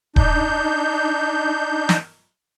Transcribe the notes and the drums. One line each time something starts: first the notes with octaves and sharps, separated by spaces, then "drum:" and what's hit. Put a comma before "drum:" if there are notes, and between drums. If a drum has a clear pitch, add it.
D4 D#4 G6, drum: kick D#1
drum: snare